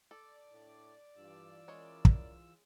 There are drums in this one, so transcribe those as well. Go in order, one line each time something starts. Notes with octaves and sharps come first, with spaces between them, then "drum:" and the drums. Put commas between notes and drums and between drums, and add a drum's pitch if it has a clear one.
A4 D5
A2 D4
G2 E3 F4 E6
G#3 C#4 E4 A#4 C#5
drum: kick